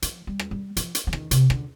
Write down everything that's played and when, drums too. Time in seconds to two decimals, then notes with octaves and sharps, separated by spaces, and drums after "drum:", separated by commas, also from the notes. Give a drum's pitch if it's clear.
0.02 F3, drum: hi-hat
0.27 G3
0.39 drum: rim click
0.51 G3
0.77 F3, drum: hi-hat
0.95 drum: hi-hat
1.07 F3
1.13 D#3, drum: rim click
1.31 C3, drum: hi-hat
1.50 D3, drum: rim click